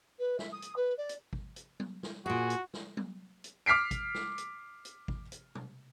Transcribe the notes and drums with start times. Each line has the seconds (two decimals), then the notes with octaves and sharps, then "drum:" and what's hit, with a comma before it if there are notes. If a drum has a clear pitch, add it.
0.19 B4
0.39 E5, drum: snare
0.52 D#6
0.62 drum: hi-hat
0.76 B4
0.98 D5
1.09 drum: hi-hat
1.33 drum: kick
1.56 drum: hi-hat
1.80 drum: tom F#3
2.03 drum: snare
2.26 A#2 F#4 G#4
2.50 drum: hi-hat
2.74 drum: snare
2.97 drum: tom F#3
3.44 drum: hi-hat
3.66 D6 F6 B6 C7 D7
3.91 drum: kick, hi-hat
4.14 drum: snare
4.38 drum: hi-hat
4.85 drum: hi-hat
5.08 drum: kick
5.32 drum: hi-hat
5.55 drum: tom B2